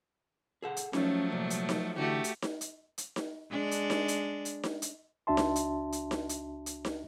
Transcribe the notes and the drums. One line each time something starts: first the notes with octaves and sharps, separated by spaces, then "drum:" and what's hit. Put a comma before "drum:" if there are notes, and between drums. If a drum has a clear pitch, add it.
G#4 A4 F#5
drum: hi-hat
F3 F#3 A3 C#4, drum: snare D#4
C2 A#2
drum: hi-hat
drum: snare D#4
D3 E3 A3 F#4 G4
drum: hi-hat
drum: snare D#4
drum: hi-hat
drum: hi-hat
drum: snare D#4
G#3 D4
drum: hi-hat
drum: snare D#4
drum: hi-hat
drum: hi-hat
drum: snare D#4
drum: hi-hat
C#2 D4 F#4 E5 A5 C6
drum: snare D#4
drum: hi-hat
drum: hi-hat
drum: snare D#4
drum: hi-hat
drum: hi-hat
drum: snare D#4